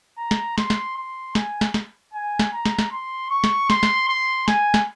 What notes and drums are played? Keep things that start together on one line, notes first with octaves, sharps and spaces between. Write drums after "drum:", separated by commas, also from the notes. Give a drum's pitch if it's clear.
A#5
drum: snare
C6, drum: snare
drum: snare
C6
G#5, drum: snare
drum: snare
drum: snare
G#5
drum: snare
A#5
drum: snare
drum: snare
C6
C#6
drum: snare
C6, drum: snare
drum: snare
C6
G#5, drum: snare
drum: snare